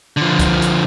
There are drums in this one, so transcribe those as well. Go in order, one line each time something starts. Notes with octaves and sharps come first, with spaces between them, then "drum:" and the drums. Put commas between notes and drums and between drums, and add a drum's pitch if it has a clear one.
D3 F3
drum: kick C#2, hi-hat
drum: hi-hat